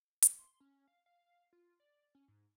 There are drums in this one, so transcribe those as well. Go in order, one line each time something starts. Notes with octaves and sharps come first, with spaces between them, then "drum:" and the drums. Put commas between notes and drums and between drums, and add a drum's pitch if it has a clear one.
drum: hi-hat
C6
C#4
F5
F5
F4
D5
C#4
G#2